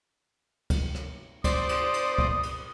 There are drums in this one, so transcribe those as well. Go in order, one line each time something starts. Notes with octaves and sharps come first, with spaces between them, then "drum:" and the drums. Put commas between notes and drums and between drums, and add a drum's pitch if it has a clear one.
drum: kick C#2, cymbal
drum: rim click
C5 D5 D#6, drum: kick C#2, cymbal
drum: cymbal
drum: cymbal
drum: kick C#2
drum: cymbal